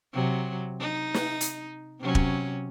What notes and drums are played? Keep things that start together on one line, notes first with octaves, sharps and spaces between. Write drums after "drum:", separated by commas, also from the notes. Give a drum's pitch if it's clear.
C3 F#3
D#4
drum: snare
drum: hi-hat
C3 F#3 C#4
drum: kick